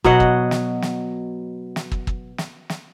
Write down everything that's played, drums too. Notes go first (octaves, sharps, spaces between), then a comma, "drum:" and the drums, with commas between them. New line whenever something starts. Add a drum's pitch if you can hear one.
B2 F#3 D#5 F#5, drum: kick
drum: kick
drum: snare
drum: snare
drum: snare
drum: kick
drum: kick
drum: snare
drum: snare